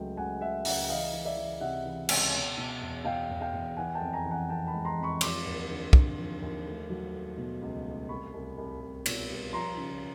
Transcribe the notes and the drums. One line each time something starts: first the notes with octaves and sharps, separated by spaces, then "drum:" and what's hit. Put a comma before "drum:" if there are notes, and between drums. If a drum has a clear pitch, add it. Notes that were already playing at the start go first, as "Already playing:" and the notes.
Already playing: C#2 F#3 A3 G5
C#2 F#5 G#5
C#3 E5 F#5
C#2 E5 F#5, drum: open hi-hat
E3 D#5 F5
E3
D5 E5
E3
C3 E5 F#5
E3
C#2, drum: cymbal
B2
B2
E2
B2 F5 G5
E2
F5 G5
E2
E3 F#5 G#5
G5 A5
F2
G#5 A#5
E3
F#5 G#5
F2 G5 A5
A5 B5
G#3
A#5 C6
F2
B5 C#6
F3 C6 D6, drum: cymbal
D#2
D3
D3, drum: kick
F3
D#2
A3
F#3
A3
B2
C#2
A3
C2 B5 C#6
C2
C2
C2
B2, drum: cymbal
G3
F3 A#5 C6
C#3